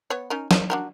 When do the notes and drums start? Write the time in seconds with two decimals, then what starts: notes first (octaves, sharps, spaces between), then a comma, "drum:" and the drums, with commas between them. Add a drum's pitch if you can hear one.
0.10 B3 C#5
0.30 C#4 D#4 A#4
0.51 D#3 F3 D#5, drum: snare
0.70 D4 F#4 A#4